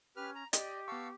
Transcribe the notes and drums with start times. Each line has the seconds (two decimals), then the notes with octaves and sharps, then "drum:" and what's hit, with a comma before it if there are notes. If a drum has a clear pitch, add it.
0.17 C#4 G4 B4 F6
0.35 A#5
0.53 G4 D5 D#5, drum: hi-hat
0.88 B3 F5 A5 C#6 E6